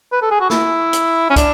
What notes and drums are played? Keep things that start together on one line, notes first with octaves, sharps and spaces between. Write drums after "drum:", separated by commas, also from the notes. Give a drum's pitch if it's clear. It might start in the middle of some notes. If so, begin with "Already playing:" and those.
B4
A4
G#4
F#4
E4, drum: snare
drum: hi-hat
C#4
D4, drum: kick, hi-hat